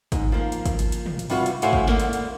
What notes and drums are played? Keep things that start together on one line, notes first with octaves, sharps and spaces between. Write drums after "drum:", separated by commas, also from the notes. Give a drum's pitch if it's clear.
G#2, drum: kick, hi-hat
F3 A#3
drum: hi-hat
drum: kick, hi-hat
drum: hi-hat
drum: hi-hat
drum: tom
drum: hi-hat
C3 G3 F4 F#4 B4, drum: open hi-hat
drum: hi-hat
A2 E4 F#4 C5 F5 G#5, drum: hi-hat
drum: kick
D3 A#3, drum: snare
drum: hi-hat
drum: hi-hat